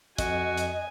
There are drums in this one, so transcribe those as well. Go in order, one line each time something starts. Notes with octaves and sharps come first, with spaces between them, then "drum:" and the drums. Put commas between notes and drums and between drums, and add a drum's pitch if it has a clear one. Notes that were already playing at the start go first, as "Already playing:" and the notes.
F2 F#4 D#5 G#5, drum: kick, hi-hat
drum: hi-hat